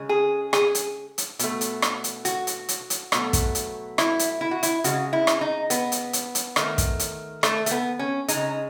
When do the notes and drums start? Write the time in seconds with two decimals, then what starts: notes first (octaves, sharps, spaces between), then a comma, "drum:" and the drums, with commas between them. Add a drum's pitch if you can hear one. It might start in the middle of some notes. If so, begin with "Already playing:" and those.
Already playing: C#3 G#3
0.09 G#4
0.53 G#4, drum: rim click
0.75 drum: hi-hat
1.18 drum: hi-hat
1.39 B2 A3, drum: hi-hat
1.61 drum: hi-hat
1.82 drum: rim click
2.04 drum: hi-hat
2.25 F#4, drum: hi-hat
2.47 drum: hi-hat
2.69 drum: hi-hat
2.90 drum: hi-hat
3.12 B2 F#3 A3, drum: rim click
3.33 drum: kick, hi-hat
3.55 drum: hi-hat
3.98 E4, drum: rim click
4.19 drum: hi-hat
4.41 E4
4.51 F#4
4.63 E4, drum: hi-hat
4.84 C#3 G#3 F#4, drum: hi-hat
5.13 E4
5.27 drum: rim click
5.41 D#4
5.70 B3, drum: hi-hat
5.92 drum: hi-hat
6.13 drum: hi-hat
6.35 drum: hi-hat
6.56 D#3 A3, drum: rim click
6.78 drum: kick, hi-hat
6.99 drum: hi-hat
7.43 A3, drum: rim click
7.66 A3, drum: hi-hat
7.71 B3
7.99 C#4
8.28 C#3 G#3 D#4, drum: hi-hat